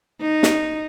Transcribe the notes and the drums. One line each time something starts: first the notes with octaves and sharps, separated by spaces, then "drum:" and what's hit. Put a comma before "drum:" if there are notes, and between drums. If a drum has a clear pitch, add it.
D#4
drum: snare